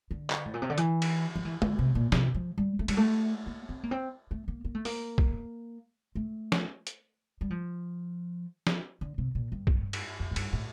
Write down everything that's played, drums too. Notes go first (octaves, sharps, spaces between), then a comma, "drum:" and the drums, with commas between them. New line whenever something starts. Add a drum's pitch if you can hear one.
D3
drum: clap
A2
A#2
C3
D3
E3, drum: hi-hat
drum: cymbal
F3
E3
D3, drum: tom G#3
C3
A#2
C3, drum: snare
F3
G3
A3
G3, drum: cymbal
A3
A#3
C4
A#3
C4
A3
A#3
A#3
A3
A#3, drum: open hi-hat
drum: kick
A3
drum: snare
drum: hi-hat
G3
F3
drum: snare
D3
C3
A#2
G2
drum: kick
drum: cymbal
F2
A2
G2, drum: cymbal
A2